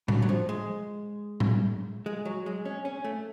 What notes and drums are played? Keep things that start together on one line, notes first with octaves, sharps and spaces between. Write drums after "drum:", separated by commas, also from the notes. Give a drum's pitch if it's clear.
D3, drum: tom A2
F#3
F3
G#3
drum: tom A2
G#3
F#3
G#3
C#4
C#4
A3